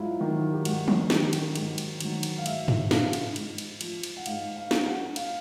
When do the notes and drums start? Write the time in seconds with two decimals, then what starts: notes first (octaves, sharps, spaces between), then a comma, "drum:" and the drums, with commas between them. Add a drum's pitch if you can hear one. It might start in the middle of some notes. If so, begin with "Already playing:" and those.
Already playing: G#2 F#3 E4 F4
0.20 D#3 F#3
0.53 G4
0.65 G#2 F#4, drum: cymbal
0.88 drum: tom E3
1.10 D#3 F#3 G4, drum: snare
1.33 drum: cymbal
1.56 G#2, drum: cymbal
1.78 drum: cymbal
2.01 D#3 F#3, drum: cymbal
2.23 drum: cymbal
2.38 F5
2.46 G#2 E5, drum: cymbal
2.68 drum: tom G2
2.91 F3 F5, drum: snare
3.13 drum: cymbal
3.36 G#2, drum: cymbal
3.58 drum: cymbal
3.81 F3, drum: cymbal
4.03 drum: cymbal
4.17 F#5
4.26 G#2 F5, drum: cymbal
4.56 F5
4.71 F3, drum: snare
4.86 F#5
5.16 F5, drum: cymbal